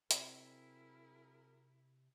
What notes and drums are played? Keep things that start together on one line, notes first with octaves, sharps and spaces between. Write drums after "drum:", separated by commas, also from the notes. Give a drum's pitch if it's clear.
C3 F#3 C4 E4 G#4 A#4, drum: hi-hat